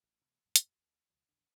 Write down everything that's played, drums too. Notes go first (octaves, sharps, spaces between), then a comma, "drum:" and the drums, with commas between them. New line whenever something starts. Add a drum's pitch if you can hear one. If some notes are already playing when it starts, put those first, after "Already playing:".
A1
B2 E3 A3
F2 A2
drum: hi-hat
D2
C#2 B2 F3
A#1 E2 D3 D4